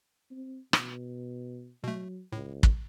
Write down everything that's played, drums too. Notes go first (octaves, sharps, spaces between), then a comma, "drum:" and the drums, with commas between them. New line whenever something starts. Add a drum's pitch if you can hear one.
C4
B2, drum: rim click
B2 F#3 A3
C#2 A2
drum: kick